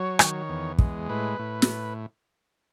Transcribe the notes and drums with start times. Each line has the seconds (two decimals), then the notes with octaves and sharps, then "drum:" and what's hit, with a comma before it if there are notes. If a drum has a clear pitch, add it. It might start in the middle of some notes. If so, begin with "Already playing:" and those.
Already playing: F#3 C#5
0.19 D#3, drum: rim click
0.49 E2
0.78 G#3, drum: kick
1.09 A2 B4
1.39 A2
1.62 drum: snare